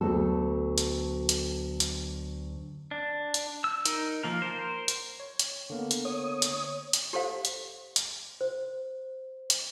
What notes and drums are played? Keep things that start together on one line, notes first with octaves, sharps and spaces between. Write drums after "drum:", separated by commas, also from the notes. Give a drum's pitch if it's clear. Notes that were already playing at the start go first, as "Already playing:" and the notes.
D2 F#3 B3 A4
drum: hi-hat
drum: hi-hat
drum: hi-hat
D4
drum: hi-hat
E6
D#4 A#4, drum: hi-hat
F3 A#3 A#4
A#4 C5
drum: hi-hat
C#5
drum: hi-hat
D3 A#3 B3
drum: hi-hat
C#5 D#6
drum: hi-hat
drum: hi-hat
G4 A4 C5 F5
drum: hi-hat
drum: hi-hat
C5
drum: hi-hat